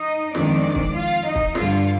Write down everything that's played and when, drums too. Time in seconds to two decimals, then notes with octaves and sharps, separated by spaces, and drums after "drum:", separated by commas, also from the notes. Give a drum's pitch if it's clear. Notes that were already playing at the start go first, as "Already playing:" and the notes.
Already playing: D#4 D#5
0.35 F2 D#3 G#3 C4 D4 D5, drum: snare
0.75 drum: kick
0.95 F4 F5
1.25 D#4 D#5
1.35 drum: kick
1.55 G2 D3 G3 F4 F5, drum: snare